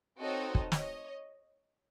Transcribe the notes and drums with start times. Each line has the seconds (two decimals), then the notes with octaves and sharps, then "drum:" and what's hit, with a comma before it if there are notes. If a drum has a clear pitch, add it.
0.21 C4 D#4 F#4 A4 C#5 D#5
0.55 drum: kick
0.72 C#5 D#5, drum: snare